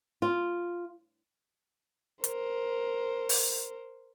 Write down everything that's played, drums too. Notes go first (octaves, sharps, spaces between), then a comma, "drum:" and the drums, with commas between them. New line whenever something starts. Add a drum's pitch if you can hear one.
F4
A#4 C5, drum: hi-hat
drum: open hi-hat